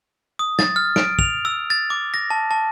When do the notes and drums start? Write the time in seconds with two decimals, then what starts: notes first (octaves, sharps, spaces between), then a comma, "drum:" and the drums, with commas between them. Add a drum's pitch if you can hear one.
0.39 D#6
0.59 A6, drum: snare
0.76 F6
0.96 D7, drum: snare
1.19 F7, drum: kick
1.45 E6
1.70 A6
1.90 D6
2.14 A#6
2.30 A5
2.51 A5